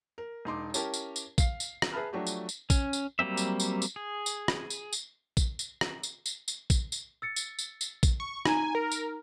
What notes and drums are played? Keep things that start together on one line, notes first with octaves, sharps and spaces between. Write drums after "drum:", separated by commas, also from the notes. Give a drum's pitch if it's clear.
A#4
E1 D#4 C6 D6
C#4 E4 G4 A#4 A5, drum: tambourine
drum: tambourine
drum: tambourine
F5 C7, drum: kick A#1, tambourine
drum: tambourine
drum: rim click
G#4 B4 E5 A5 B5 F6
F3 F#3 A3 D4 F#4 G4
drum: tambourine
drum: tambourine
C#4, drum: kick A#1, tambourine
drum: tambourine
F#3 G3 A#3 C4 E5
drum: tambourine
drum: tambourine
drum: tambourine
G#4
drum: tambourine
drum: rim click
drum: tambourine
drum: tambourine
drum: kick A#1, tambourine
drum: tambourine
drum: rim click
drum: tambourine
drum: tambourine
drum: tambourine
drum: kick A#1, tambourine
drum: tambourine
E6 A6 C#7
drum: tambourine
drum: tambourine
drum: tambourine
drum: kick A#1, tambourine
C#6
D#4 G#5 A#5, drum: rim click
A#4
drum: tambourine